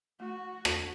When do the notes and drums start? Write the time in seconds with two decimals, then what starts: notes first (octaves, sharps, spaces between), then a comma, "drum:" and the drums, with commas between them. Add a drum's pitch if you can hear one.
0.20 A3 F#4
0.65 drum: rim click